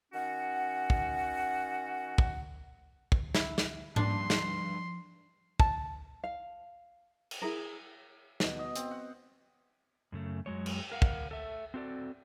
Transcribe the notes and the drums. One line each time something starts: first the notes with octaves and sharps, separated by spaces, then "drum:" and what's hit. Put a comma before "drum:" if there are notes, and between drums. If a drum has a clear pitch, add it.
D#3 C#4 F#4 F#5
drum: kick
drum: kick
drum: kick
E4, drum: snare
drum: snare
G2 F3 D4 C6, drum: tom G#2
drum: snare
A5, drum: kick
F5
drum: cymbal
E4 G#4 A#4
B2, drum: snare
D#5
C4, drum: hi-hat
F#5
F#2 C#3 A3
F#2 F#3 G#3 C#5
drum: cymbal
A#4 F5 F#5
drum: kick
A4 E5
C4 F#4 A4 D5